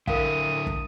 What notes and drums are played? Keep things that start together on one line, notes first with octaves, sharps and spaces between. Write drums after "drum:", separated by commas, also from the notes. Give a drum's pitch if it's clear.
D3 E4 A#4 F5 D#6, drum: kick
drum: kick